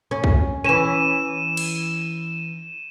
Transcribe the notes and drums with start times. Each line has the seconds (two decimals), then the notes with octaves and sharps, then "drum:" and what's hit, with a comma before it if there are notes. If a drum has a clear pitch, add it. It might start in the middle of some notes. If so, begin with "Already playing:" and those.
0.11 C#4
0.24 drum: kick C2
0.64 E3 C#4 D#7 E7
1.57 drum: cymbal